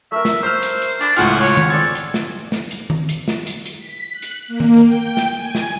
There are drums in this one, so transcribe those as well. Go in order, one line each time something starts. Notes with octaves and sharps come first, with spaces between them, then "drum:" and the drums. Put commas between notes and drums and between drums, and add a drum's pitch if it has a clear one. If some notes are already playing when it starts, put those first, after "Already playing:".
A3 A#4 E5
drum: snare
C5 E6 F6
drum: hi-hat
drum: hi-hat
D4 B5 D6, drum: hi-hat
C#2 A2 F4 G#4 F#5 A5 F6, drum: hi-hat
C#5, drum: open hi-hat
drum: tom D#3
C4 A4 D5 G#6
drum: hi-hat
drum: snare
drum: snare
drum: hi-hat
drum: tom D#3
drum: hi-hat
drum: snare
drum: hi-hat
drum: hi-hat
B6
F#6
drum: hi-hat
A#3
drum: tom D#3
G5
drum: snare
G#5
drum: snare